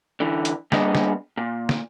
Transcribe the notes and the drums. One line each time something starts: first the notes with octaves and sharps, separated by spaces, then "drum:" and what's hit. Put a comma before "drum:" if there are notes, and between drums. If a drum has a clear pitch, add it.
D3 E3
drum: hi-hat
G3 A#3 B3 D4 G#4 D#5, drum: snare
drum: snare
A#2
drum: snare